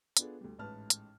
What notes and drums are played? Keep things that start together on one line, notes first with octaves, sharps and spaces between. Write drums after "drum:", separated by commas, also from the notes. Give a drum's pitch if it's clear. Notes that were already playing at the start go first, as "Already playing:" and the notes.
B3 D4 F4 G#4 A4, drum: hi-hat
D2 G3
A1 G#2 B4 A5 F6
drum: hi-hat